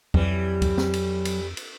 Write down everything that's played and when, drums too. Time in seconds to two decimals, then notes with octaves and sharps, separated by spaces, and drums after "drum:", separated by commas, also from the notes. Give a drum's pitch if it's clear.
0.14 F2 E3 F#3 G3, drum: kick C#2
0.62 drum: kick C#2, cymbal
0.78 drum: snare
0.93 drum: cymbal
1.25 drum: cymbal
1.57 drum: cymbal